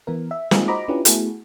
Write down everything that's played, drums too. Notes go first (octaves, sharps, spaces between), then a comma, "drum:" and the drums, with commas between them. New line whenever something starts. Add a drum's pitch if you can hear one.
E3 B3 A#4
E5
G#3 A#3 C4 D#4 F4 G#4, drum: snare
F#4 C5 D#5 A#5 B5 D6
C#4 D4 E4 F4 G4 B4
A3 B3 E4 F#4 G#4 A4, drum: hi-hat